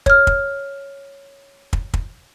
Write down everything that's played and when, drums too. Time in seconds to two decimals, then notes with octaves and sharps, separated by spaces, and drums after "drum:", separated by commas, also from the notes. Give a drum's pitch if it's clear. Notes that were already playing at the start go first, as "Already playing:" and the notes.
0.06 C#5 F6, drum: kick
0.27 drum: kick
1.73 drum: kick
1.94 drum: kick